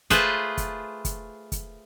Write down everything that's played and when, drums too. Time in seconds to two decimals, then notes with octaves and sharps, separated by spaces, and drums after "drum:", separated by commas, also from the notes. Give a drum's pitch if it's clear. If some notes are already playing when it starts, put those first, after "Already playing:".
0.10 A3 F4 G#4 B4 C5, drum: kick, hi-hat
0.57 drum: kick, hi-hat
1.05 drum: kick, hi-hat
1.52 drum: kick, hi-hat